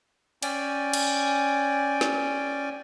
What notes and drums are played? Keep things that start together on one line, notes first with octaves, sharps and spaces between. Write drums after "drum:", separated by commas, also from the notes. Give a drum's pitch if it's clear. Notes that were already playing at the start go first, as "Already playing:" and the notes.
C#4 D5 G5 G#5, drum: cymbal
drum: cymbal
drum: snare